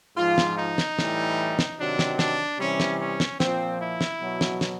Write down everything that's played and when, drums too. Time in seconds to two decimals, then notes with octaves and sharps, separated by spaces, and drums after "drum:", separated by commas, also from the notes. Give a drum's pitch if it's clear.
0.17 G#2 F3 F4
0.38 drum: snare
0.58 D#4
0.78 drum: snare
0.99 A2 E3 G3, drum: snare
1.59 drum: snare
1.78 C3 D#3 F#3 D4
1.99 drum: snare
2.19 D4, drum: snare
2.59 C3 E3 G3 C#4
2.80 drum: snare
3.00 C#4
3.20 drum: snare
3.40 A#2 F3 C4, drum: snare
3.80 E4
4.01 drum: snare
4.21 B2 F#3
4.41 drum: snare
4.61 drum: snare